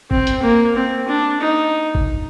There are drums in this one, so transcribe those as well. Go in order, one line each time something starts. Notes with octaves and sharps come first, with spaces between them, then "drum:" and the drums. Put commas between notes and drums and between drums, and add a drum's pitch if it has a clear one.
C4, drum: kick
drum: hi-hat
A#3
C4
D4
D#4
drum: kick